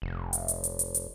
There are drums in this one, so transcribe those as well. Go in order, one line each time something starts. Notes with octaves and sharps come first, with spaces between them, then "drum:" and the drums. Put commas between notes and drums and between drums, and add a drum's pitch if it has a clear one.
F1
drum: hi-hat
drum: hi-hat
drum: hi-hat
drum: hi-hat
drum: hi-hat